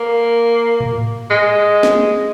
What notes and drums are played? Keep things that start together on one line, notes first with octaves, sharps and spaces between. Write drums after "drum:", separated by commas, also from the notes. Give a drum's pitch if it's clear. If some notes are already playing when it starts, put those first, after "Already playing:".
Already playing: A#3
drum: tom A2
G#3
drum: snare